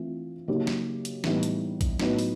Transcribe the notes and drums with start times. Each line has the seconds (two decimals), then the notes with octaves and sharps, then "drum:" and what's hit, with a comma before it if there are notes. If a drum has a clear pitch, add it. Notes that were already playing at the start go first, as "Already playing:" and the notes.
Already playing: E3 A3 C4 F4
0.48 C#3 F#3 A#3 D#4 G4
0.67 drum: snare
1.05 drum: hi-hat
1.24 A2 E3 G3 B3 D#4, drum: snare
1.43 drum: hi-hat
1.81 drum: kick, hi-hat
1.99 A2 F#3 B3 D#4, drum: snare
2.19 drum: open hi-hat